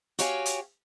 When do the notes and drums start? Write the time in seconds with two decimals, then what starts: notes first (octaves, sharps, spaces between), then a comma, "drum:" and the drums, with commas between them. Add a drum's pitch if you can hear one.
0.19 F#4 G4 C#5 F5 G5 G#5, drum: hi-hat
0.46 drum: hi-hat